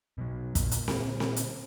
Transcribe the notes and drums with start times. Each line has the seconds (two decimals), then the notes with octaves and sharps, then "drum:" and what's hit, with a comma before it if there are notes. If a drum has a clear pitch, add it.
0.18 B2 F#3
0.55 A#2, drum: kick, hi-hat
0.71 drum: hi-hat
0.88 drum: snare C4
1.20 drum: snare C4
1.36 drum: hi-hat